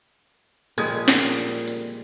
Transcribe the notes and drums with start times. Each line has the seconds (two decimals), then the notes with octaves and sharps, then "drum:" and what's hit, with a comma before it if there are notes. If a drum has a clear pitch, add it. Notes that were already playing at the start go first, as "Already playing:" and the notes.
0.78 A#2 F3 G3 G#3 A4 D#6 G#6, drum: hi-hat
1.08 drum: snare
1.38 drum: hi-hat
1.68 drum: hi-hat